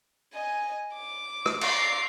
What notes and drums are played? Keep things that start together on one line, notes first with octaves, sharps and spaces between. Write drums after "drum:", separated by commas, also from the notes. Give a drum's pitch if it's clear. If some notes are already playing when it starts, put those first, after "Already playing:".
D#5 G#5
D6
drum: rim click
D6 C7, drum: cymbal